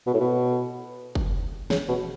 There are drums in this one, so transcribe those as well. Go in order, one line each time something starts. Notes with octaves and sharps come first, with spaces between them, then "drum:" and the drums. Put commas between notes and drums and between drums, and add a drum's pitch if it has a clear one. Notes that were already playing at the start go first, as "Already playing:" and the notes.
B2
A2
B2
drum: kick F#1
C#3, drum: snare
B2